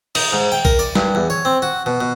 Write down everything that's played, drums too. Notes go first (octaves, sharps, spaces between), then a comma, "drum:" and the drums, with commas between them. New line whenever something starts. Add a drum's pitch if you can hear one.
D#4, drum: cymbal
G#2
G5
A#4, drum: kick
D5
G2, drum: snare
E2
C#5
C4
F#4
B2
B2